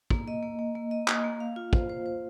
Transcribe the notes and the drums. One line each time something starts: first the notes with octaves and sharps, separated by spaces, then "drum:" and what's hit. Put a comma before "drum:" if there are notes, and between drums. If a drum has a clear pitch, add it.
A#3, drum: kick
D#5
A#3
A#3
A#3
D#5
A#3, drum: clap
A#3
F5
F4
C5, drum: kick
C5
C5